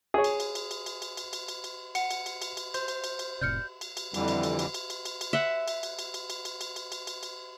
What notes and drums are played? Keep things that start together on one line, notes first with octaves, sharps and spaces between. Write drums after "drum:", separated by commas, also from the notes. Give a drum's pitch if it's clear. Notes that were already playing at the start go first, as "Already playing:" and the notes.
G#4 C#5
drum: cymbal
drum: cymbal
drum: cymbal
drum: cymbal
drum: cymbal
drum: cymbal
drum: cymbal
drum: cymbal
drum: cymbal
drum: cymbal
F#5 C#7, drum: cymbal
drum: cymbal
drum: cymbal
drum: cymbal
drum: cymbal
C5, drum: cymbal
drum: cymbal
drum: cymbal
drum: cymbal
F1 A2 C3 D5 F6 G6 C#7
drum: cymbal
drum: cymbal
F2 D3 E3 G3, drum: cymbal
drum: cymbal
drum: cymbal
drum: cymbal
drum: cymbal
drum: cymbal
drum: cymbal
drum: cymbal
E5 F#5
drum: cymbal
drum: cymbal
drum: cymbal
drum: cymbal
drum: cymbal
drum: cymbal
drum: cymbal
drum: cymbal
drum: cymbal
drum: cymbal
drum: cymbal